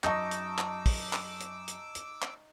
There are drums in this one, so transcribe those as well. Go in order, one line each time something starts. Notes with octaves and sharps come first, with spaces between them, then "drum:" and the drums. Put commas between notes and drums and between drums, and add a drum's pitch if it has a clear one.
F#2 D#4 D#5 A5 C#6 D6 E6, drum: clap
drum: hi-hat
drum: clap
drum: kick, open hi-hat
drum: clap
drum: hi-hat
drum: hi-hat
drum: hi-hat
drum: clap